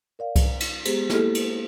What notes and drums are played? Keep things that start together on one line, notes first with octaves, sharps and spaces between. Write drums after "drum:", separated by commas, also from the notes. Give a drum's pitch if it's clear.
A#4 D5 F5
drum: kick C2, cymbal
drum: cymbal
G#3 B3 G4 G#4 C5, drum: cymbal
A#3 E4 G4 A4 F6, drum: snare
drum: cymbal